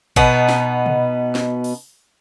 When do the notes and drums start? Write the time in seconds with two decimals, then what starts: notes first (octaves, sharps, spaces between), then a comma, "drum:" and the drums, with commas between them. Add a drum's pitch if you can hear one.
0.16 B2 B3 D#4, drum: kick A1
0.49 drum: snare
0.86 drum: tom
1.35 drum: snare
1.64 drum: open hi-hat